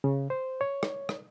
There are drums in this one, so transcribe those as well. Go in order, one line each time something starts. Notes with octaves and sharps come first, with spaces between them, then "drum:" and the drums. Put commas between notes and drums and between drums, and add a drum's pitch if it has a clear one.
C#3
C5
C#5
drum: rim click
drum: rim click